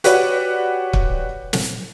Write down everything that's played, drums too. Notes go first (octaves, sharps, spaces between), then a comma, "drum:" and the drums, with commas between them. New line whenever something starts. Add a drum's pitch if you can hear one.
F#4 G4 B4 C#5 D5 F#5, drum: hi-hat
drum: kick
drum: snare